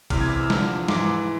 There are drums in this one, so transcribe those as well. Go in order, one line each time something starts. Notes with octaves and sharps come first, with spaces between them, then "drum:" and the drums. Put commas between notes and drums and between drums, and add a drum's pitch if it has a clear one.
E2 C3 E3 F6, drum: kick, cymbal
G#6
F6
E6
E2 D3 F3, drum: snare
G#2 E3 D6, drum: snare